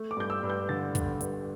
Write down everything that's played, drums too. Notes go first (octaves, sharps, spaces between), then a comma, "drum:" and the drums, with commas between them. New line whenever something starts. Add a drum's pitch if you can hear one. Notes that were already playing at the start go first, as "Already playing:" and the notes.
Already playing: A3
D6
G2 G6
E6
G2
G6
D3 A6
D3, drum: kick, hi-hat
G2, drum: hi-hat